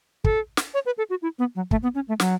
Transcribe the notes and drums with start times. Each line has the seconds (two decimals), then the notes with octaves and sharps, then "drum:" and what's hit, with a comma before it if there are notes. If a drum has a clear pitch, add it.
0.24 A4, drum: kick
0.57 drum: snare
0.74 C#5
0.86 B4
0.98 A4
1.10 F#4
1.22 E4
1.39 B3
1.55 F#3
1.71 A3, drum: kick
1.83 B3
1.95 C#4
2.08 A3
2.20 F#3, drum: snare